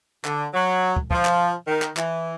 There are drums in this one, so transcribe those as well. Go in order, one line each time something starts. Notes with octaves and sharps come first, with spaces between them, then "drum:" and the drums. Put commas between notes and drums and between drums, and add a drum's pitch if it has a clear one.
D3, drum: clap
F#3
drum: kick
F3, drum: kick
drum: clap
D#3
drum: clap
E3, drum: clap